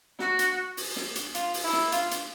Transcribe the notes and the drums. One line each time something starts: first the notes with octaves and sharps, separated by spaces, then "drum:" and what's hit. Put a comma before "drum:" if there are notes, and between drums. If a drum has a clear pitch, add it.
F#4, drum: snare
drum: hi-hat
drum: open hi-hat
drum: snare
drum: hi-hat
F4, drum: hi-hat
drum: open hi-hat
E4
drum: snare
F4, drum: hi-hat
drum: hi-hat